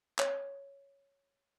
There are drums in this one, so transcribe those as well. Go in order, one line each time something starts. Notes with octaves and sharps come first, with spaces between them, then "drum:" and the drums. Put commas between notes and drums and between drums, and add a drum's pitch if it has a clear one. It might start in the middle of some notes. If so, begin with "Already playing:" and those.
C#5, drum: clap